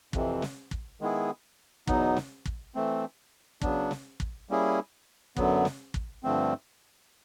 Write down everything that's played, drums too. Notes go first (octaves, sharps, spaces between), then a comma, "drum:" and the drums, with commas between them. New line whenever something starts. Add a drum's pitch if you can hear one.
F2 C3 E3, drum: kick
drum: snare
drum: kick
D#3 G#3 B3 E4 G#4
E2 B2 F#3 B3 D#4, drum: kick
drum: snare
drum: kick
E3 A3 C4
C#3 F#3 B3 D4, drum: kick
drum: snare
drum: kick
G3 A#3 C#4 E4 G#4
F#2 D3 F#3 B3, drum: kick
drum: snare
drum: kick
G2 D3 F3 A3 C4